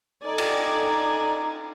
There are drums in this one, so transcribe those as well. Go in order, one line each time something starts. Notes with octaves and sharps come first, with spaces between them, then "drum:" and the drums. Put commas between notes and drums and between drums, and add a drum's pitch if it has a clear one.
D#4 A4 D5 G#5
drum: cymbal